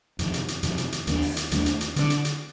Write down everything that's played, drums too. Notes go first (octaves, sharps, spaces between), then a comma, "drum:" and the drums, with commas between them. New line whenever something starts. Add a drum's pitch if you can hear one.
F2 C3 D#3, drum: hi-hat
drum: hi-hat
drum: hi-hat
F2 C3 D#3, drum: hi-hat
drum: hi-hat
drum: hi-hat
D#2 D#3 A3 D4, drum: hi-hat
drum: open hi-hat
drum: hi-hat
D#2 D#3 A3 D4, drum: hi-hat
drum: hi-hat
drum: hi-hat
D3 A3 D4, drum: hi-hat
drum: hi-hat
drum: hi-hat